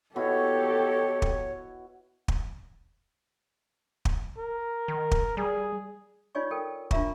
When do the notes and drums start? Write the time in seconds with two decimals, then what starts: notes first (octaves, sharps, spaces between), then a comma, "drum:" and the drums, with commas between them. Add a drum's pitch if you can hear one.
0.16 B2 E4 F#4 G4 A4 C#5
1.22 drum: kick
2.28 drum: kick
4.05 drum: kick
4.38 A#4
4.88 D#3
5.11 drum: kick
5.37 G3 G#4
6.35 D#4 F4 C#5 D5 G#5 C#6
6.51 A4 A#4 G5
6.91 D4 F4 A#4 E5 A#5 C#6, drum: kick